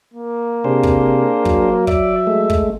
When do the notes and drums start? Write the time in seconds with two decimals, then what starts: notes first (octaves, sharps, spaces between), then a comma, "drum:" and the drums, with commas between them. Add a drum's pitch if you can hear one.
0.14 A#3
0.65 C3 D4 G#4 C5
0.83 drum: kick
1.45 F#3, drum: kick
1.87 D5 E5, drum: kick
2.27 G#3 A3
2.50 drum: kick